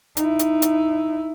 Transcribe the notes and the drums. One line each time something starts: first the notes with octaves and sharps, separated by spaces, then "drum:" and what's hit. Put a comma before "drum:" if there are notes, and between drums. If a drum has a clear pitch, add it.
D#4 E4, drum: hi-hat
drum: hi-hat
drum: hi-hat